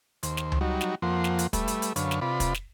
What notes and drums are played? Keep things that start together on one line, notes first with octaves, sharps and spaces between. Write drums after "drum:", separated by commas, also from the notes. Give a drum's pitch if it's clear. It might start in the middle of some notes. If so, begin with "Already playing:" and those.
D#2 C5, drum: hi-hat
drum: snare
drum: tom C#2
F#3 G3 D#4 F#4
drum: snare
F2 F3 A#3 F#5 C6
drum: snare
drum: hi-hat
G3 A3 B4 E5, drum: kick, hi-hat
drum: hi-hat
drum: hi-hat
F#2 D3 B4 C#5 F5, drum: hi-hat
drum: snare
C3 F4 B4 D5 B5
drum: kick, hi-hat
drum: snare